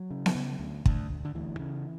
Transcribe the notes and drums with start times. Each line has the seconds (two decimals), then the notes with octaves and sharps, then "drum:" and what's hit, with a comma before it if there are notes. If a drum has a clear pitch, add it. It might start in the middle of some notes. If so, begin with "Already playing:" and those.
Already playing: F#3
0.11 C#3
0.26 drum: snare B3
0.35 C#3
0.60 D2
0.86 D2, drum: kick
1.10 D2
1.25 D3
1.35 D2 E3
1.59 C#3